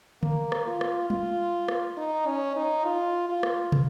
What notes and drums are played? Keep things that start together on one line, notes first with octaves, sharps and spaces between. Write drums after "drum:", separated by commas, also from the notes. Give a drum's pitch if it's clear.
A#3, drum: tom D3
drum: rim click
F4
drum: rim click
F4, drum: tom
drum: rim click
D#4
C#4
D#4
F4
F4
drum: rim click
drum: tom